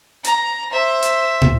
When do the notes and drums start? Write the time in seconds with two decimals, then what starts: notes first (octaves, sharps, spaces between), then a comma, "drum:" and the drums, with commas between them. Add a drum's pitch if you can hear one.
0.24 A#5, drum: hi-hat
0.71 C5 E5
1.03 drum: hi-hat
1.42 drum: tom